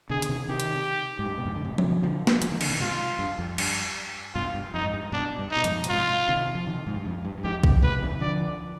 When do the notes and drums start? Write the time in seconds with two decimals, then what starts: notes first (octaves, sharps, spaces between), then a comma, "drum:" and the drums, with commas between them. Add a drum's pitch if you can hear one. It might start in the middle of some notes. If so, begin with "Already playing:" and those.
0.10 B2 D3 G#4
0.22 D3, drum: hi-hat
0.29 C3 D#3
0.49 C3 D#3 G4
0.60 drum: hi-hat
1.19 G#2
1.26 G2
1.38 B2
1.45 F2 G#2
1.56 D3
1.65 G#2 C3
1.78 C3, drum: tom F3
1.84 B2 D3
2.03 D3 F3
2.27 drum: snare
2.42 F3, drum: hi-hat
2.51 D#3
2.61 D3, drum: cymbal
2.70 C3 D#3
2.80 G#2 C3 F4
3.19 G2
3.39 F2
3.58 G2, drum: cymbal
4.35 G2 B2 F4
4.54 G2
4.74 F2 D#4
4.84 G#2
4.94 G2
5.12 G2 B2 D4
5.38 G2
5.51 D#4
5.56 B2
5.64 F2 G#2, drum: hi-hat
5.84 B2, drum: hi-hat
5.89 G#2 C3 F4
6.28 C3 D#3
6.55 F3
6.66 C3 D#3
6.87 G#2
6.96 G2
7.06 F2
7.25 G2
7.38 G2
7.44 F2 G#2 G4
7.64 G2 B2, drum: kick B1
7.82 G#2 C3 B4
8.02 C3 D#3
8.21 D3 F3 D5